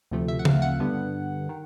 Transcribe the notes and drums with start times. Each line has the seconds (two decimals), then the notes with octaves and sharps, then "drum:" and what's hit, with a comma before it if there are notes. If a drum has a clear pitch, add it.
0.11 D2 C3 F3 A3
0.28 E5
0.39 F#5
0.45 F5, drum: tom C#3
0.62 F#5
0.80 G2 D3 G3 B3
1.49 D#3